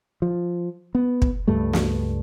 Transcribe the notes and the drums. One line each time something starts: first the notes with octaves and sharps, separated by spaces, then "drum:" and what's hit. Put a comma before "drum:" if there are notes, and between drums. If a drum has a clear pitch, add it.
F3
B3
drum: kick
C#2 G2 G3 A3
drum: snare